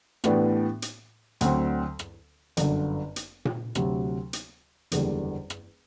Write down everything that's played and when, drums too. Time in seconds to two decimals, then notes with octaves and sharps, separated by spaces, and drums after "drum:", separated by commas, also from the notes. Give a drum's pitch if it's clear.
0.24 A2 E3 B3 D4 G4, drum: rim click
0.82 drum: hi-hat
1.41 D2 D3 F#3 C4, drum: hi-hat
1.99 drum: rim click
2.57 G1 F#2 D3, drum: hi-hat
3.16 drum: hi-hat
3.45 drum: tom A#2
3.75 D2 C3 F#3, drum: rim click
4.33 drum: hi-hat
4.92 F#1 E2 D3 G3, drum: hi-hat
5.50 drum: rim click